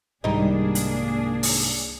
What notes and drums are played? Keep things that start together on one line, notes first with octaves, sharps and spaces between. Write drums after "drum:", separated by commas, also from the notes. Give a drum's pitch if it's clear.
C2 G#2 D#3 G3 A#3 D4 D#4 G#4
drum: hi-hat
drum: open hi-hat